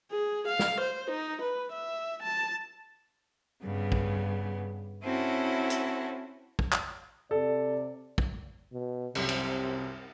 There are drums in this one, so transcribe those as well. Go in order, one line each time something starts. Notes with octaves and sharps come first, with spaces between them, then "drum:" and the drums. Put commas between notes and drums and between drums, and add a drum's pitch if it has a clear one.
G#4
F5
drum: snare
C5
D#4
B4
E5
A5
G2 C#3 B3
drum: kick
C4 C#4 E4 F#4 A4
drum: hi-hat
drum: kick
drum: clap
C3 A4 D5
drum: kick
B2
C2 F#2 C3 G3, drum: cymbal
drum: cymbal